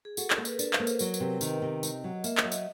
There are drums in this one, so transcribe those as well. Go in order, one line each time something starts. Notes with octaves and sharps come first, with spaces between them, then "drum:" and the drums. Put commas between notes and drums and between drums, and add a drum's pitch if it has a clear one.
G#4
F#4 A4, drum: tambourine
A#4, drum: clap
A#3
B4, drum: tambourine
D4, drum: tambourine
C5, drum: clap
A#3
B4, drum: tambourine
F#3 A#4, drum: tambourine
B4, drum: tambourine
C3
D#3 D#5, drum: tambourine
C3
D#4, drum: tambourine
F#3
A#3 E5, drum: tambourine
D#5, drum: clap
F#3
D#5, drum: tambourine